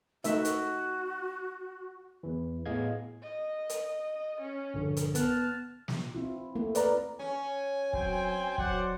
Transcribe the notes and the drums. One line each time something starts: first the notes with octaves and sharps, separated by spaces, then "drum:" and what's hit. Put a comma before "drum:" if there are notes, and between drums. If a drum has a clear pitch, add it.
A3 D#4 F#4 E5, drum: hi-hat
drum: hi-hat
E2 E3
A2 B3 G#4 D#5 F5 G#6
D#5
drum: hi-hat
C#4
A#1 G2 D3
drum: hi-hat
B3 A5 F6 F#6, drum: hi-hat
drum: snare
C4 E4 F4
A3 A#3 E4
B4 D5 F5 A#5, drum: hi-hat
C#4 G#5
F#3 C4 G5, drum: kick
F#3 C5 D5 F#5, drum: kick